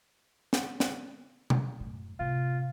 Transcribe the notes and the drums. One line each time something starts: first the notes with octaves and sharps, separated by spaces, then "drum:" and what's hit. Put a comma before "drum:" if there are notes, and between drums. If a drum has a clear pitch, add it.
drum: snare
drum: snare
drum: tom B2
F#2 A2
A2 C3 F4